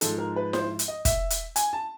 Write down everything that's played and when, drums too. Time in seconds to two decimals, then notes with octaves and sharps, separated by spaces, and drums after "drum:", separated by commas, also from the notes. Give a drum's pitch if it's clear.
0.01 G#2 F3 G#3 A4, drum: hi-hat
0.18 A#4
0.36 B4
0.53 C5, drum: snare E4
0.79 drum: hi-hat
0.88 D#5
1.05 E5, drum: kick, hi-hat
1.30 drum: hi-hat
1.56 G#5, drum: hi-hat
1.73 A5